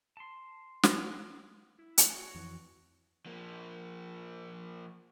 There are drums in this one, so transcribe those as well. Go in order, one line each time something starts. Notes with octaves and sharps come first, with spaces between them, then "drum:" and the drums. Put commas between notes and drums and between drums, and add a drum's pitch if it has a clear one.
A5 C6
drum: snare
E4
A3 F#5, drum: hi-hat
F#4 C#5
F2 E3
F3 A#3